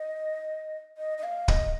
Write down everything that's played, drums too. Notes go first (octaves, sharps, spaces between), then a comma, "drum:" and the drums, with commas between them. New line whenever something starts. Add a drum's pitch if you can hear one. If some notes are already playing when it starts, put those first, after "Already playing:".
Already playing: D#5
D#5
D#5
F5
D#5, drum: kick